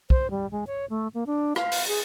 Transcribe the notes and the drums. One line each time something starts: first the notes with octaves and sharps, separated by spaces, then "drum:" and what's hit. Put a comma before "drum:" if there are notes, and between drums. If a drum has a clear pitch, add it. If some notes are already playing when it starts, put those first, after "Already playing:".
C5, drum: kick
G3
G#3
C#5
A3
A#3
D4
F5, drum: rim click
drum: open hi-hat
G#4